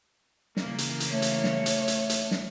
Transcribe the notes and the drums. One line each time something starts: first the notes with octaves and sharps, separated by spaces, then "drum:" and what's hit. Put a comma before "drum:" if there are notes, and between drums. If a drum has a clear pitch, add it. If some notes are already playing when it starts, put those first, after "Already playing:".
C#3 E3 A#3, drum: snare
drum: hi-hat
drum: hi-hat
A3 C#5
drum: hi-hat
drum: snare
drum: hi-hat
drum: hi-hat
drum: hi-hat
drum: snare